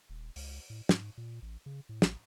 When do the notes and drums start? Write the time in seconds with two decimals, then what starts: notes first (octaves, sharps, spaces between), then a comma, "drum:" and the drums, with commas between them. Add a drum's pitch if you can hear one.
0.09 D#1
0.36 C#2, drum: open hi-hat
0.70 A2
0.89 G#2, drum: snare
1.18 A#2
1.42 A1
1.66 C#3
1.89 A2
2.02 A1, drum: snare